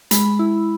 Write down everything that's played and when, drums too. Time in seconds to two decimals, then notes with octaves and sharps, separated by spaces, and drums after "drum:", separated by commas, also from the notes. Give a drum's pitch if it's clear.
0.11 G#3 B5, drum: hi-hat
0.39 E4